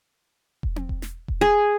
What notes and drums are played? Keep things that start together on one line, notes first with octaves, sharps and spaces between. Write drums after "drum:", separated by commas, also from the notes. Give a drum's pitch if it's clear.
drum: kick E1
drum: tom C4
drum: kick E1
drum: snare
drum: kick E1
G#4